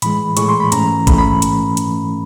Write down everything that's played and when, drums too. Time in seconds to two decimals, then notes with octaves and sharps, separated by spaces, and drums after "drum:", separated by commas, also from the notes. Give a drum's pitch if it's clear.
0.02 A2 E3 G#3 B5, drum: hi-hat
0.37 A2 E3 G#3 C#6, drum: hi-hat
0.49 C6
0.60 B5
0.72 G#2 E3 A3 C#4 A#5, drum: hi-hat
1.07 G#2 E3 A3 C#4 B5, drum: kick G#1, hi-hat
1.18 B5
1.42 drum: hi-hat
1.77 drum: hi-hat